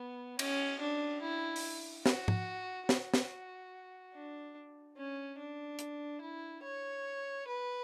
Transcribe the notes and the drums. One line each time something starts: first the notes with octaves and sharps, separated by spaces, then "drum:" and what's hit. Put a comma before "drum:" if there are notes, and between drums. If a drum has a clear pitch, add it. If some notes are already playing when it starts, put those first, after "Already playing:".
Already playing: B3
C#4, drum: cymbal
D4
E4
drum: open hi-hat
F#4, drum: snare
drum: tom G#2
F#4, drum: snare
drum: snare
D4
C#4
D4
drum: hi-hat
E4
C#5
B4